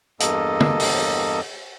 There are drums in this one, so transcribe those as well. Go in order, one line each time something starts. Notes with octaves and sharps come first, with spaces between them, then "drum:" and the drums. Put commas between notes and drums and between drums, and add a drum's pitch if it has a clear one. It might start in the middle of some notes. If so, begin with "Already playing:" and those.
E2 G2 A#3 A4 D#5, drum: hi-hat
drum: tom
drum: open hi-hat